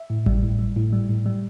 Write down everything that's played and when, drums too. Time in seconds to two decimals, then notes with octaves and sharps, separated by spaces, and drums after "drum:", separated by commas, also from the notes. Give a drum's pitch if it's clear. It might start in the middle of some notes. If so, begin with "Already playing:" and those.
Already playing: E5
0.10 A2
0.26 G3, drum: kick G#1
0.43 A2
0.59 G3
0.77 A2
0.93 G3
1.09 A2
1.26 G3